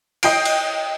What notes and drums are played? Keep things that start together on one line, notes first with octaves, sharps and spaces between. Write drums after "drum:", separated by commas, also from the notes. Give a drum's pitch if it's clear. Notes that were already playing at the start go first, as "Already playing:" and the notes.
D#5 G5 G6 C7 D7, drum: cymbal
drum: cymbal